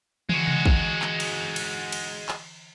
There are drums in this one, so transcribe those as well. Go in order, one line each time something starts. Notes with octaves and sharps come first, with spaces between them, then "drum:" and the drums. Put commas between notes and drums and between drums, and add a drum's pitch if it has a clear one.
D3 E3 G#3 F#4, drum: tom
drum: tom C3
drum: kick
drum: clap
drum: cymbal
drum: cymbal
drum: cymbal
drum: clap